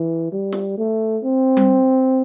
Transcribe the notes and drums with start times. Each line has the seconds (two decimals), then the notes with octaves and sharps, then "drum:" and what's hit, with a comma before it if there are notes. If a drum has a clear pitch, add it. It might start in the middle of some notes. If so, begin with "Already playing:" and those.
Already playing: E3
0.32 G3
0.52 drum: snare
0.78 A3
1.24 C4
1.57 drum: tom G3